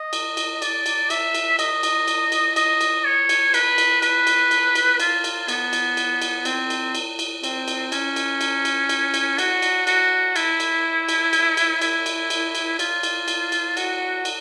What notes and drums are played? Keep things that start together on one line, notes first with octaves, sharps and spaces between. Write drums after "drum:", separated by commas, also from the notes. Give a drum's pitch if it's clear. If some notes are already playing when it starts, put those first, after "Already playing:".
Already playing: D#5
drum: cymbal
drum: cymbal
D5, drum: cymbal
drum: cymbal
E5, drum: cymbal
drum: cymbal
D#5, drum: cymbal
drum: cymbal
drum: cymbal
drum: cymbal
D#5, drum: cymbal
drum: cymbal
C#5
drum: cymbal
B4, drum: cymbal
drum: cymbal
B4, drum: cymbal
drum: cymbal
drum: cymbal
drum: cymbal
F4, drum: cymbal
drum: cymbal
B3, drum: cymbal
drum: cymbal
drum: cymbal
drum: cymbal
C4, drum: cymbal
drum: cymbal
drum: cymbal
drum: cymbal
C4, drum: cymbal
drum: cymbal
C#4, drum: cymbal
drum: cymbal
drum: cymbal
drum: cymbal
drum: cymbal
drum: cymbal
F#4, drum: cymbal
drum: cymbal
F#4, drum: cymbal
E4, drum: cymbal
drum: cymbal
drum: cymbal
drum: cymbal
drum: cymbal
E4, drum: cymbal
drum: cymbal
drum: cymbal
drum: cymbal
F4, drum: cymbal
drum: cymbal
drum: cymbal
drum: cymbal
F#4, drum: cymbal
drum: cymbal